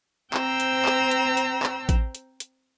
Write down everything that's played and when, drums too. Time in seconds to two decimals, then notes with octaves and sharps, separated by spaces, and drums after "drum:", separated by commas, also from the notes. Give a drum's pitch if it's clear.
0.34 C4 C5 G5 A#5 E6, drum: clap
0.60 drum: hi-hat
0.86 drum: clap
1.11 drum: hi-hat
1.37 drum: hi-hat
1.63 drum: clap
1.89 drum: kick A1, hi-hat
2.15 drum: hi-hat
2.40 drum: hi-hat